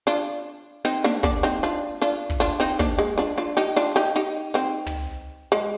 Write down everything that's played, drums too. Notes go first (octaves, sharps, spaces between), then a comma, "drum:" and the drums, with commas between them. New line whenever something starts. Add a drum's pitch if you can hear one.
D4 F4
C4 D#4
A#3 D4, drum: snare
A#3 D4, drum: kick
C4 D#4
D4 F4
D4 F4
drum: kick
D4 F4
C4 D#4
A#3 D4, drum: kick
G#3, drum: open hi-hat
D4 F4
D4 F4
D#4 G4
D4 F4
D#4 G4
D#4 G4
C4 D#4
drum: tom
G#3